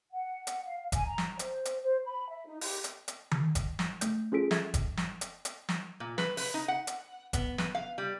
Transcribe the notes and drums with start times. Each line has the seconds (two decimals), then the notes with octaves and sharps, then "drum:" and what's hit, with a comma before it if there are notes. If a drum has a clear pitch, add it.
0.12 F#5
0.47 drum: hi-hat
0.65 F5
0.92 G#5, drum: kick F1, hi-hat
1.05 A#5
1.18 drum: snare
1.39 C5, drum: hi-hat
1.65 drum: hi-hat
1.82 C5
2.05 B5
2.29 E5
2.46 D#4
2.61 G4, drum: open hi-hat
2.84 drum: hi-hat
3.08 drum: hi-hat
3.31 drum: tom D#3
3.55 drum: kick F1, hi-hat
3.79 drum: snare
4.01 A3 G6, drum: hi-hat
4.32 C#4 F4 G#4 A4 B6 D7
4.51 A4 E5 G#6 A6, drum: snare
4.74 drum: kick F1, hi-hat
4.97 drum: snare
5.21 drum: hi-hat
5.45 drum: hi-hat
5.69 drum: snare
6.00 A#2
6.18 B4, drum: snare
6.37 B4, drum: open hi-hat
6.54 D#4
6.68 F#5
6.87 drum: hi-hat
7.33 B3, drum: kick F1, hi-hat
7.58 B4, drum: snare
7.75 F5
7.98 G3